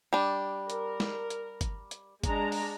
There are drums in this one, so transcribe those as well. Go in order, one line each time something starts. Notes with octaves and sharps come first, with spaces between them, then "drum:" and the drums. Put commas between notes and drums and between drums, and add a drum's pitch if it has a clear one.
G3 D4
A#4, drum: hi-hat
drum: snare
drum: hi-hat
drum: kick, hi-hat
drum: hi-hat
G#3 D4 A#5, drum: kick, hi-hat
drum: open hi-hat